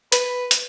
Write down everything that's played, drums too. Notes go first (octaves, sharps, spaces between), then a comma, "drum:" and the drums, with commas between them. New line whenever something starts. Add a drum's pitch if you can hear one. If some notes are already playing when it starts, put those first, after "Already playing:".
B4, drum: hi-hat
drum: hi-hat